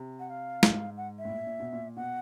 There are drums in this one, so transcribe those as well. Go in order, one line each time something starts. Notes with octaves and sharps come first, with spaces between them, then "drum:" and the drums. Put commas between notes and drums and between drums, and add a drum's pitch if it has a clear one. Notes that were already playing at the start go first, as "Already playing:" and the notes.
Already playing: C3
F#5
F5
G#2, drum: snare
F#5
E5
A2
A#2
A#2
B2
A#2
B2 F#5